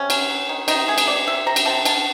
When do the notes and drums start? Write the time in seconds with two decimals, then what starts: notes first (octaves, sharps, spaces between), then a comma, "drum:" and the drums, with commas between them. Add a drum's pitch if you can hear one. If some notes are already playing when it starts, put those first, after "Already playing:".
Already playing: C3 C#4
0.10 F#3, drum: cymbal
0.30 F#3
0.49 D#3
0.68 C3 D#4, drum: cymbal
0.88 A3 G#4
0.98 drum: cymbal
1.08 C3 D5
1.27 C3 E5
1.47 C3 A#5
1.56 drum: cymbal
1.65 C3 A5
1.85 C#3 A5, drum: cymbal